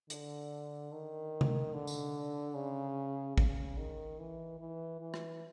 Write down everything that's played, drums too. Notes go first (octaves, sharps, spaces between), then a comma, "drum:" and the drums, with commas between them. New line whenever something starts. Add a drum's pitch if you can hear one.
D3, drum: hi-hat
D#3
drum: tom C3
D3
drum: tambourine
C#3
C#3, drum: kick
D#3
E3
E3
E3
drum: rim click